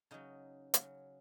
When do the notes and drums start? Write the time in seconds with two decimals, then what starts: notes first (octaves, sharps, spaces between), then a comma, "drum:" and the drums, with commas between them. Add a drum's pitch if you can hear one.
0.11 C#3 F#3 D#4
0.74 C#3 F#3, drum: hi-hat